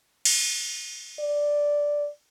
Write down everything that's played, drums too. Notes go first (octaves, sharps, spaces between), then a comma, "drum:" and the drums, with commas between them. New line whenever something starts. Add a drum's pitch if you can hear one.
drum: cymbal
D5